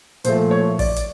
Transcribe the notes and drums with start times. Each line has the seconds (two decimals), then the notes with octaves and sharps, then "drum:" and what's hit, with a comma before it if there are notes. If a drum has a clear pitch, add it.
0.24 A#2 F3 A3 C5, drum: hi-hat
0.51 C#5
0.79 D5, drum: kick, open hi-hat
0.96 drum: hi-hat